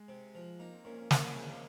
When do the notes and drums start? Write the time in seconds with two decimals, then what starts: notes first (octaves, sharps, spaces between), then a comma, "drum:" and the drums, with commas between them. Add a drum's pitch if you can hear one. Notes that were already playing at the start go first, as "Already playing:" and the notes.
Already playing: G#3
0.08 C3
0.35 F3
0.59 A#3 D#4
0.72 C4
0.85 A#2 C#4
0.98 C#4
1.11 A#2, drum: snare
1.23 C#4
1.35 G#3 C4
1.49 A#3